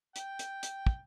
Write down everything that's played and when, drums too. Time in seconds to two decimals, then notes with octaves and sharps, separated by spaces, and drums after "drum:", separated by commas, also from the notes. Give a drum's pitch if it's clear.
0.16 G5, drum: hi-hat
0.39 drum: hi-hat
0.63 drum: hi-hat
0.87 drum: kick